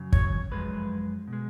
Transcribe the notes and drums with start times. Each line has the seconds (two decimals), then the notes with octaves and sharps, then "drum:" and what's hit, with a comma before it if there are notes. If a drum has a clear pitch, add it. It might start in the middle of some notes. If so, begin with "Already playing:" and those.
Already playing: F#2 C#3 F#3
0.12 C#5, drum: kick
0.51 F#2 F3 G#3 B4
1.28 B2
1.33 G#3